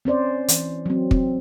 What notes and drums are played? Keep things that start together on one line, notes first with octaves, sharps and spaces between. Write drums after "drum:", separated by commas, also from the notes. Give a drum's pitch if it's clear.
C4 C#4 C5 D5
E3, drum: hi-hat
F#3 C4
C4, drum: kick